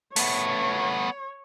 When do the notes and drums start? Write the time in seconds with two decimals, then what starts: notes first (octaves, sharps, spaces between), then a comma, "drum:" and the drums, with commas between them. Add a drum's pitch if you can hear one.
0.16 A3 B3 C#5, drum: open hi-hat